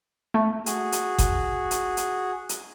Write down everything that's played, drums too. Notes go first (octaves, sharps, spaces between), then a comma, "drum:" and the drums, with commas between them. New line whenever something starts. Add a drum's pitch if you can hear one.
A3
F#4 G#4, drum: hi-hat
drum: hi-hat
drum: kick G1, hi-hat
drum: hi-hat
drum: hi-hat
drum: hi-hat